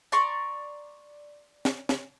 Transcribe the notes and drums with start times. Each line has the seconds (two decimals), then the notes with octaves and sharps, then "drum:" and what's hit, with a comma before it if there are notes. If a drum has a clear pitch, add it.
0.12 D5 A#5 C6 C#6, drum: hi-hat
1.65 drum: snare
1.89 drum: snare